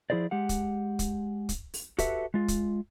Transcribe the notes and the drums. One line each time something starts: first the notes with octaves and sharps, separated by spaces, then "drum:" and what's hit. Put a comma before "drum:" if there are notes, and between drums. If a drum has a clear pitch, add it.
F3 E4 G#4 C5 D5
G#3 G4 F#5
drum: kick, hi-hat
drum: kick, hi-hat
drum: kick, hi-hat
drum: open hi-hat
F#4 G4 A4 B4 E5, drum: kick, hi-hat
G#3 F4
drum: kick, hi-hat